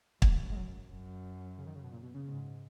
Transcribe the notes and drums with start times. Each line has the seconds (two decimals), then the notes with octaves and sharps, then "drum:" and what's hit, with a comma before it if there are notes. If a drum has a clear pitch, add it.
0.22 F#2 A#3, drum: kick
0.51 G#3
0.56 F#3
0.90 F#2
1.58 C#3
1.66 D#3
1.75 C#3
1.84 B2
1.92 A#2
2.03 B2
2.14 C#3
2.26 G#2